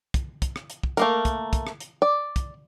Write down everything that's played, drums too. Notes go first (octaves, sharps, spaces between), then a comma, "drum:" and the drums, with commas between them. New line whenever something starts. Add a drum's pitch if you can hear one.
drum: kick, hi-hat
drum: kick, hi-hat
drum: rim click
drum: hi-hat
drum: kick
A3 A#3 A#4, drum: hi-hat
drum: kick, hi-hat
drum: kick, hi-hat
drum: rim click
drum: hi-hat
D5
drum: kick, hi-hat